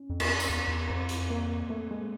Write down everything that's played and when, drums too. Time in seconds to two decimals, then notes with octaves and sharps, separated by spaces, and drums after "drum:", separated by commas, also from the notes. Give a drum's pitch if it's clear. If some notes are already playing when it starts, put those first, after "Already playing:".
Already playing: C#4
0.10 F2
0.20 E2, drum: cymbal
0.30 F2
0.40 drum: tambourine
0.49 E2
0.68 E2
0.90 F2 C4
1.09 drum: hi-hat
1.30 A#3
1.70 A3
1.91 G#3